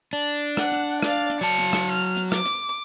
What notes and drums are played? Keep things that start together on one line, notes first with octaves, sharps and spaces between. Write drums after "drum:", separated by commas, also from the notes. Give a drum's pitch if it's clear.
D4
F#5, drum: rim click
drum: hi-hat
D5 F5, drum: rim click
drum: hi-hat
F#3 A5 C#7
drum: hi-hat
drum: rim click
F6
drum: hi-hat
D6, drum: rim click
drum: hi-hat